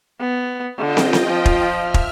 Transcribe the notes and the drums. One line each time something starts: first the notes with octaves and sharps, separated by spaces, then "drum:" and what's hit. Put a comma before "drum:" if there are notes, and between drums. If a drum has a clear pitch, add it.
B3
D3 F4 D#5 G5
drum: snare
drum: snare
F3
drum: kick
E5 F6
drum: kick